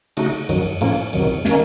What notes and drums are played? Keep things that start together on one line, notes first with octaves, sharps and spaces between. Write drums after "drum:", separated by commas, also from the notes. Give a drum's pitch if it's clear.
C#3 A3 D#4 F#4, drum: cymbal
F#2 D#3 F#3, drum: cymbal
A2 F3 A#3 C#4, drum: cymbal
F2 C3 D#3 F#3, drum: cymbal
D#3 A#3 C#4, drum: snare